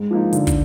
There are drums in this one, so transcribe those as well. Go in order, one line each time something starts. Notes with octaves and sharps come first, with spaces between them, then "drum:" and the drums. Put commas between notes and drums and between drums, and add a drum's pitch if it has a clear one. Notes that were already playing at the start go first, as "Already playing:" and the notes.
Already playing: G#2
F3 A#3 D#4
D3, drum: hi-hat
drum: kick, hi-hat